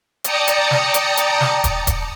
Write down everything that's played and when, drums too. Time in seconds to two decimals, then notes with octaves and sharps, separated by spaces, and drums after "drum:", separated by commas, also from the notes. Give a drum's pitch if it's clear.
0.24 D5 G5 A5 A#5 D#6 C#7, drum: hi-hat
0.48 drum: hi-hat
0.71 drum: snare
0.94 drum: hi-hat
1.17 drum: hi-hat
1.41 drum: snare
1.64 drum: kick D#1, hi-hat
1.87 drum: kick D#1, hi-hat